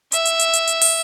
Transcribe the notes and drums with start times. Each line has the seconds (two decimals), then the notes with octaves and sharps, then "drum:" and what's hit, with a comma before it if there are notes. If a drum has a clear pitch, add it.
0.12 E5, drum: hi-hat
0.25 drum: hi-hat
0.39 drum: hi-hat
0.53 drum: hi-hat
0.67 drum: hi-hat
0.81 drum: open hi-hat